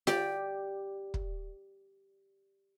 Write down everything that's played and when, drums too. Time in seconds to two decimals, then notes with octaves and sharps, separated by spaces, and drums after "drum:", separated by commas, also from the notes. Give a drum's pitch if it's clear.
0.07 G4 D5, drum: snare F4
1.14 drum: kick